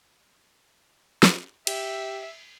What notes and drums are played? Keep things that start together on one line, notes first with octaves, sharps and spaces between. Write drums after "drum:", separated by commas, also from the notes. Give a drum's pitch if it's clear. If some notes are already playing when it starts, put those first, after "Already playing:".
drum: snare
G4 E5, drum: cymbal